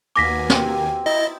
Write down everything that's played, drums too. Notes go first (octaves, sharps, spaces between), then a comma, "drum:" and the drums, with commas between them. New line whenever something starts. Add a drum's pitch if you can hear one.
D#2 B2 A#3 G#5 D6 A#6 B6
C4 G4, drum: snare
D#4 E4 D#5 A6